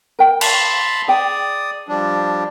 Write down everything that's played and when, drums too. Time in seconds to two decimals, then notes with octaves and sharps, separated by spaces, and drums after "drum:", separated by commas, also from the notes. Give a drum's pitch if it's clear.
0.19 A#4 G5
0.41 A5 B5 C6, drum: cymbal
1.08 G#4 D5 G5 D#6
1.89 F3 G3 D4